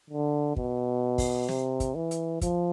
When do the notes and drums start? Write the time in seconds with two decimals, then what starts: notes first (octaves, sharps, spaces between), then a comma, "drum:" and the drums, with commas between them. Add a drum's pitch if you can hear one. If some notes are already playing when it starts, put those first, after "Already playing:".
0.10 D3
0.56 B2, drum: kick
1.18 drum: kick, open hi-hat
1.48 C3, drum: snare
1.80 drum: kick, hi-hat
1.95 E3
2.11 drum: hi-hat
2.41 F3, drum: kick, hi-hat